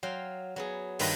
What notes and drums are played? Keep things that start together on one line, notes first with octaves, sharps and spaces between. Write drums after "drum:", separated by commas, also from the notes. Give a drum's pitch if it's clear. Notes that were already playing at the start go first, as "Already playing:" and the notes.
F#3 F5 G5 C6
F#3 B3 G#4
G2 D#3 F4 B4 D#5 A#5, drum: open hi-hat